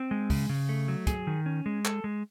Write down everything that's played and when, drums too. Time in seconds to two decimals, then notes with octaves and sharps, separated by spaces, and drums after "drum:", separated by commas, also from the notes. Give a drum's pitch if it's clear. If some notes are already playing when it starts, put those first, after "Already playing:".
Already playing: C4
0.11 G#3
0.30 C#3, drum: kick, open hi-hat
0.49 C#3
0.69 A3
0.88 F#3
1.07 G#4, drum: kick, hi-hat
1.27 D#3
1.46 C#4
1.66 G#3
1.85 A4, drum: clap
2.04 G#3